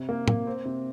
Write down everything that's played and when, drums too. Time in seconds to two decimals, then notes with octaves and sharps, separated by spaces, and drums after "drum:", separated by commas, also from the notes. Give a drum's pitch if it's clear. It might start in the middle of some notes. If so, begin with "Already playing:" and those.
Already playing: C3
0.09 A#3
0.28 A#3, drum: tom
0.47 C4
0.65 C3